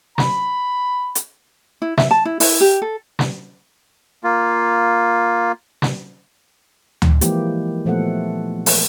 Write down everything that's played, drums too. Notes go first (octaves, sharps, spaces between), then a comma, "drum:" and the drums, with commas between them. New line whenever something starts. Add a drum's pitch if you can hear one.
B5, drum: snare
drum: hi-hat
E4
E5, drum: snare
A5
E4
E4, drum: open hi-hat
G4
A4
drum: snare
A#3 F4
drum: snare
drum: tom D2
E3 F3 G#3 A#3 E4 G4, drum: hi-hat
A#2 F3 A3 B3 A4 F#5
drum: open hi-hat